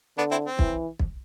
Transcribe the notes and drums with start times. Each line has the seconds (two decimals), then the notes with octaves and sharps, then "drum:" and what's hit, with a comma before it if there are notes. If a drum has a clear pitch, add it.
0.17 D3 B3 D4
0.31 C4 E4
0.45 C4
0.59 E3, drum: kick
0.99 drum: kick